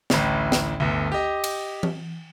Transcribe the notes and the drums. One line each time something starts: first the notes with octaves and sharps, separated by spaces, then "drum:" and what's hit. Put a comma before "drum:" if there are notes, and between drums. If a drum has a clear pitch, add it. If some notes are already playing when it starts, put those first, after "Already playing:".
A1 D2 A2, drum: snare
drum: snare
G1 D2
G4 D#5
drum: cymbal
drum: tom E3